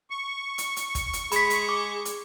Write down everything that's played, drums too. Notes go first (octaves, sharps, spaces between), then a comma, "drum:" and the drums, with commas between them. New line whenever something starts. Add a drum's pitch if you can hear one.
C#6
drum: hi-hat
drum: hi-hat
drum: kick, hi-hat
drum: hi-hat
G#3 B5 B6, drum: hi-hat
drum: hi-hat
D6
drum: hi-hat